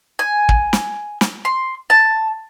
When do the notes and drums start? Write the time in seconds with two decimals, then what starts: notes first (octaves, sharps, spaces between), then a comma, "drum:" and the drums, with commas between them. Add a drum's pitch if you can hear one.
0.19 G#5
0.49 drum: kick
0.73 drum: snare
1.21 drum: snare
1.45 C6
1.90 A5